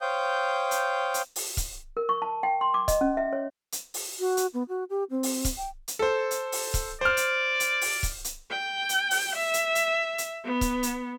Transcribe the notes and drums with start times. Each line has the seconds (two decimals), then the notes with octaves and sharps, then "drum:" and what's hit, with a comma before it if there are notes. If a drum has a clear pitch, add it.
0.01 C5 C#5 F5 G5 D#6 G6
0.71 drum: hi-hat
1.14 drum: hi-hat
1.36 drum: open hi-hat
1.57 drum: kick, hi-hat
1.97 A#4
2.09 C#6
2.22 A5
2.43 G5
2.61 C6
2.74 D6
2.88 D#5, drum: kick, hi-hat
3.01 C#4
3.17 E5
3.33 C#5
3.72 drum: hi-hat
3.94 drum: open hi-hat
4.20 F#4
4.37 drum: hi-hat
4.54 B3
4.69 F#4
4.90 G4
5.10 C4
5.23 drum: open hi-hat
5.45 drum: kick, hi-hat
5.57 G5
5.88 drum: hi-hat
5.99 A4 C5
6.31 drum: hi-hat
6.52 drum: open hi-hat
6.74 drum: kick, hi-hat
7.01 C5 D5 F6
7.17 drum: hi-hat
7.60 drum: hi-hat
7.81 drum: open hi-hat
8.03 drum: kick, hi-hat
8.24 drum: hi-hat
8.50 G5
8.89 drum: hi-hat
9.11 drum: open hi-hat
9.36 E5
9.54 drum: hi-hat
9.75 drum: hi-hat
10.18 drum: hi-hat
10.45 B3
10.61 drum: kick, hi-hat
10.83 drum: hi-hat